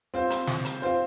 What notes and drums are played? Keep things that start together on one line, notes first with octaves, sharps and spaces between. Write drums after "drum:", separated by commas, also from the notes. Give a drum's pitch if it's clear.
C4 F4 C5
drum: hi-hat
drum: snare
drum: hi-hat
C4 F4 C5